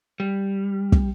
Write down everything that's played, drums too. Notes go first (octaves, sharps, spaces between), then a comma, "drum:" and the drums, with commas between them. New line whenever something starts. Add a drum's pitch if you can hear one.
G3
drum: kick